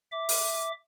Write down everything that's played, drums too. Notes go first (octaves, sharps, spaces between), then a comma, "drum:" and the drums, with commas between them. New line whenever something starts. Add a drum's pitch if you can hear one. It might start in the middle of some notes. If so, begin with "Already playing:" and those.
E5 D6
drum: open hi-hat